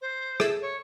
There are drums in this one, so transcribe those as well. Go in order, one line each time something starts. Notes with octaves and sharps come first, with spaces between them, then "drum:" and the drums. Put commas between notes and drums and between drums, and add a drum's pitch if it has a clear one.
C5
G#4 A4 E5, drum: rim click
C#5